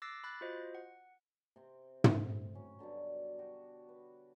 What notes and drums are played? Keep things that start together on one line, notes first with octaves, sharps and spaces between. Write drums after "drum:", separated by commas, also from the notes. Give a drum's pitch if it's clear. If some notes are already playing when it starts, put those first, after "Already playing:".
D6 E6 F#6 A6 A#6 C7
B5 F#6 A6
F4 F#4 C5 D#5
F#5
C3 C4
drum: tom
F#3 C#4
G2 B2 D3 F#3
F#4 G4
B4